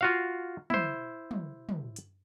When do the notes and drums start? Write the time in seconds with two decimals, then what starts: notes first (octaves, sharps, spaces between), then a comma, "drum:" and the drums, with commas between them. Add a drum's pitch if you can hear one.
0.01 F4 F#4 F5
0.70 E4 C5, drum: tom
1.31 drum: tom
1.69 drum: tom
1.96 drum: hi-hat